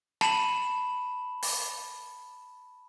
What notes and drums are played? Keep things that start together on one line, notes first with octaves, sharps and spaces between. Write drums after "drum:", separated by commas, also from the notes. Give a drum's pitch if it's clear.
A5 B5 E7 F#7, drum: snare
drum: open hi-hat